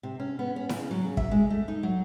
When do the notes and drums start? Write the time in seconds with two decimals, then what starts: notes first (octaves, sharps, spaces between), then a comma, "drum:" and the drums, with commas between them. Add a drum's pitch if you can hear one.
0.03 C3
0.20 C#4
0.39 B3
0.56 C#4
0.69 C#3, drum: snare E4
0.91 F#3
1.04 C#3
1.17 E5, drum: kick
1.31 G#3
1.50 A3
1.68 D#4
1.83 F#3